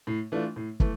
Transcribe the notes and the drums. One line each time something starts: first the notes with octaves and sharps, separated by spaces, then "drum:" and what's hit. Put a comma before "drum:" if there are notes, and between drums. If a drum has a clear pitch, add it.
A2
E3 A3 D4 F4
A2
E3 A3, drum: kick